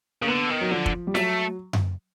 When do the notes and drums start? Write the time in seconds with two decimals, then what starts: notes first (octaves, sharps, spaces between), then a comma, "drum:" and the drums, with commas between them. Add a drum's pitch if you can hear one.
0.22 C#3 A#3
0.27 D3 B3
0.50 D#3
0.61 F#3
0.71 D3 F3
0.86 drum: kick
1.07 G3
1.15 F#3 A3, drum: snare
1.73 drum: tom F#2